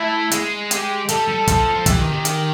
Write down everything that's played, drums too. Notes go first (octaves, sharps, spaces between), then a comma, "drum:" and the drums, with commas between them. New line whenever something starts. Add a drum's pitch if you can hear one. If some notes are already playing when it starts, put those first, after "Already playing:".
Already playing: A3 E4
G#3, drum: hi-hat
G4, drum: hi-hat
G3 A4, drum: hi-hat
G3
F3, drum: kick, hi-hat
F3
E3 G4, drum: kick, hi-hat
D#3
D#3
drum: hi-hat